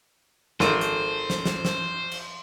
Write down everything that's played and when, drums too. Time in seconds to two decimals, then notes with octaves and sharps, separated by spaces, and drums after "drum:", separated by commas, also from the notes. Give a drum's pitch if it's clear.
0.60 G#1 A4 A#4 C5 C6 D#7, drum: snare
0.81 drum: hi-hat
1.30 drum: snare
1.45 drum: snare
1.65 drum: snare
2.12 drum: cymbal